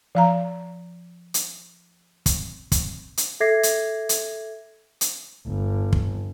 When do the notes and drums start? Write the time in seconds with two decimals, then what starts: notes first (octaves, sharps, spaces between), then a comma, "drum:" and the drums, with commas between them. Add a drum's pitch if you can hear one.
0.15 F3 F5 A#5
1.34 drum: hi-hat
2.26 drum: kick, hi-hat
2.72 drum: kick, hi-hat
3.17 drum: hi-hat
3.40 A4 E5 D6 G#6 A#6 C7
3.63 drum: hi-hat
4.09 drum: hi-hat
5.01 drum: hi-hat
5.48 G1
5.93 drum: kick